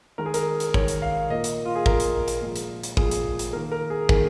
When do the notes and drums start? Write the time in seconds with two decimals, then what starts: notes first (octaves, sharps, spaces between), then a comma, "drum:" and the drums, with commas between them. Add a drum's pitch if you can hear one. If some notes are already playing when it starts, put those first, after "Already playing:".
0.18 D#3 G#3 A#4
0.26 G#4
0.34 A#4, drum: hi-hat
0.60 drum: hi-hat
0.74 D#3 G#3 C#5, drum: kick
0.88 drum: hi-hat
1.02 F5
1.30 A#2 A#3 D#5
1.44 drum: hi-hat
1.65 F4
1.75 G#4
1.86 A#2 A#3 A#4, drum: kick
2.00 drum: hi-hat
2.28 drum: hi-hat
2.42 A#2 F3 G#3
2.56 drum: hi-hat
2.84 drum: hi-hat
2.97 A#2 F3 G#3 G#4, drum: kick
3.11 drum: hi-hat
3.39 drum: hi-hat
3.53 D#3 A#3 A#4
3.72 A#4
3.90 G#4
4.09 D#3 A#3 G#4, drum: kick